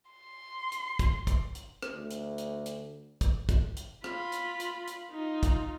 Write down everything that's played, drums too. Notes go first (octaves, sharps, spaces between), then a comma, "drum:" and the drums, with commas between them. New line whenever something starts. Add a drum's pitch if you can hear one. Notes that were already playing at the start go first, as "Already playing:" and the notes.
C6
drum: hi-hat
drum: kick, hi-hat
drum: kick, hi-hat
drum: hi-hat
drum: rim click
D2
drum: hi-hat
drum: hi-hat
drum: hi-hat
drum: kick, hi-hat
drum: kick, hi-hat
drum: hi-hat
F4 B5, drum: rim click
drum: hi-hat
drum: hi-hat
drum: hi-hat
D#4 F4
drum: kick, hi-hat